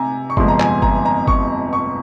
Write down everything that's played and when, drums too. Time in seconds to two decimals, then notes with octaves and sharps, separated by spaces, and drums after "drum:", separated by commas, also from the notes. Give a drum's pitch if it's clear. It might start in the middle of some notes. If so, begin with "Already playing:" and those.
Already playing: C3 G#5 A#5
0.30 C#6
0.37 G1 F2 C3 F3 G#3 C6, drum: kick G1
0.48 A#5
0.60 G#5, drum: clap
0.82 A#5, drum: kick G1
1.05 A#5
1.28 C#6, drum: kick G1
1.73 C#6